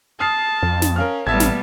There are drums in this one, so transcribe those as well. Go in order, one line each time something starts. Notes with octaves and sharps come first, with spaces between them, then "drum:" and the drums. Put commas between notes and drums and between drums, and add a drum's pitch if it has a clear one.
A5 D#6 F6 C7
F2
drum: snare
C#4 A#4 F5 F6
A1 B2 G3 B3 E5 A5 G#6
drum: snare